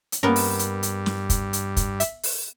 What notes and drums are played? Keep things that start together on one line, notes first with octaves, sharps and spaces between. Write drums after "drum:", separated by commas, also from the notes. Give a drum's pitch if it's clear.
drum: hi-hat
G2 A#3 B3 C#4 A#4
drum: open hi-hat
drum: hi-hat
drum: hi-hat
drum: snare
drum: kick, hi-hat
drum: hi-hat
drum: kick, hi-hat
E5, drum: hi-hat
drum: open hi-hat